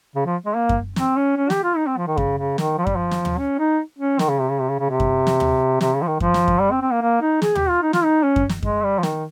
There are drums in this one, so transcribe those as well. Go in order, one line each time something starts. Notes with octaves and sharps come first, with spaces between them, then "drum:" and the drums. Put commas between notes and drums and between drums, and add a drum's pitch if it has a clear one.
C#3
F3
G#3
A#3
drum: kick F#2
C4, drum: snare
C#4
C#4
G4, drum: snare
F4
D#4
C4
F3
D#3
C#3, drum: kick F#2
C#3
D#3, drum: snare
F3
G3, drum: kick F#2
F3
drum: snare
drum: tom
C#4
D#4
C#4
D#3, drum: snare
C#3
C3
C#3
C3
C#3
C#3
C3
drum: kick F#2
drum: snare
drum: tom
C3, drum: snare
C#3
F3
D#3
F3, drum: kick F#2
drum: snare
drum: kick F#2
G3
C4
C4
A#3
A#3
D#4
G#4, drum: snare
G4, drum: tom
F4
D#4
F4, drum: snare
D#4
C#4
drum: kick F#2
drum: snare
G#3, drum: kick F#2
G3
F3
D#3, drum: snare